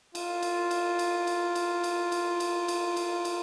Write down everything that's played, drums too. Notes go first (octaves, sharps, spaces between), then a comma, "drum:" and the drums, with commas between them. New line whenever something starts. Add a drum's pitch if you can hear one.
F4, drum: cymbal
drum: cymbal
drum: cymbal
drum: cymbal
drum: cymbal
drum: cymbal
drum: cymbal
drum: cymbal
drum: cymbal
drum: cymbal
drum: cymbal
drum: cymbal